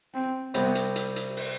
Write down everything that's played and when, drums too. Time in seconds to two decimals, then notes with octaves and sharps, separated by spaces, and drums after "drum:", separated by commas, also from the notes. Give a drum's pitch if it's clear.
0.14 C4
0.54 C2 C3 B3, drum: hi-hat
0.75 drum: hi-hat
0.96 drum: hi-hat
1.16 drum: hi-hat
1.37 drum: open hi-hat